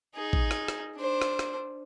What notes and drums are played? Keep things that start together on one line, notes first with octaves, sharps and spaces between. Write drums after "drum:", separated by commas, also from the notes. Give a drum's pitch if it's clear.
D#4 G#4
drum: kick
drum: rim click
drum: rim click
D4 C5
drum: rim click
drum: rim click